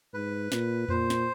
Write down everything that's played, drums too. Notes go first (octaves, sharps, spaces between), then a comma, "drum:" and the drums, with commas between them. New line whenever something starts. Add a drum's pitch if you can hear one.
G#2 B4
A#2, drum: snare
A#2 C5, drum: tom F2
drum: snare